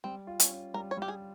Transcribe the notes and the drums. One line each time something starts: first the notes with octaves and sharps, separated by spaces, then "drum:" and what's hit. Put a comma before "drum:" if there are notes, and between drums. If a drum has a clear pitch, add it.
G3 C4
F4
C#4, drum: hi-hat
C#4
G3 A#4
C#5
G3 G4
G#4